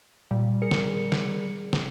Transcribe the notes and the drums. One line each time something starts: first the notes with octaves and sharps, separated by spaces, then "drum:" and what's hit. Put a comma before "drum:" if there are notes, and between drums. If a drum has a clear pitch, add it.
A#2 G3
G#4 A#4 C#7
drum: snare
drum: snare
drum: snare